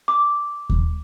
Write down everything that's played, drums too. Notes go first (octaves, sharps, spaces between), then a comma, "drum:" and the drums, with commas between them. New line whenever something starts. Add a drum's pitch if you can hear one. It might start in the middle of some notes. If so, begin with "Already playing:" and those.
D6
drum: kick D#2